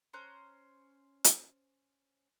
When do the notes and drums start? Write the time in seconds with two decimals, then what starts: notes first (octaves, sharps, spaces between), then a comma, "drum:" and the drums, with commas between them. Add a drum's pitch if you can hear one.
0.13 C#4 C5 A#5 F#6
1.24 drum: hi-hat